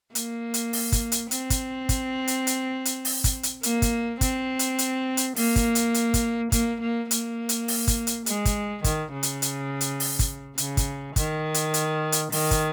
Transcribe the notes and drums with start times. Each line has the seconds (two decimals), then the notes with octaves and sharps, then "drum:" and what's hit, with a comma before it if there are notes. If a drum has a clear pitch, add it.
0.15 A#3, drum: hi-hat
0.54 drum: hi-hat
0.73 drum: open hi-hat
0.92 drum: kick, hi-hat
1.12 drum: hi-hat
1.31 C4, drum: hi-hat
1.50 drum: kick, hi-hat
1.89 drum: kick, hi-hat
2.27 drum: hi-hat
2.47 drum: hi-hat
2.85 drum: hi-hat
3.05 drum: open hi-hat
3.24 drum: kick, hi-hat
3.43 drum: hi-hat
3.63 A#3, drum: hi-hat
3.82 drum: kick, hi-hat
4.21 C4, drum: kick, hi-hat
4.59 drum: hi-hat
4.79 drum: hi-hat
5.17 drum: hi-hat
5.36 A#3, drum: open hi-hat
5.56 drum: kick, hi-hat
5.75 drum: hi-hat
5.94 drum: hi-hat
6.14 drum: kick, hi-hat
6.52 A#3, drum: kick, hi-hat
6.81 A#3
7.11 A#3, drum: hi-hat
7.49 drum: hi-hat
7.68 drum: open hi-hat
7.87 drum: kick, hi-hat
8.07 drum: hi-hat
8.26 G#3, drum: hi-hat
8.45 drum: kick, hi-hat
8.84 D#3, drum: kick, hi-hat
9.13 C#3
9.23 drum: hi-hat
9.42 drum: hi-hat
9.81 drum: hi-hat
10.00 drum: open hi-hat
10.19 drum: kick, hi-hat
10.58 C#3, drum: hi-hat
10.77 drum: kick, hi-hat
11.16 D#3, drum: kick, hi-hat
11.54 drum: hi-hat
11.74 drum: hi-hat
12.12 drum: hi-hat
12.32 D#3, drum: open hi-hat
12.51 drum: kick, hi-hat